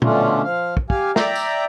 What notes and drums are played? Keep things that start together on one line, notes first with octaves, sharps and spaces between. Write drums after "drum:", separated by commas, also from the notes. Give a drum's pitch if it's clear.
B2 D3 A3 C#4 D4 F4, drum: tom A#2
F3 F5
drum: kick
G4 F5 G#5, drum: kick
D5 E5 G5 A#5, drum: snare
drum: tambourine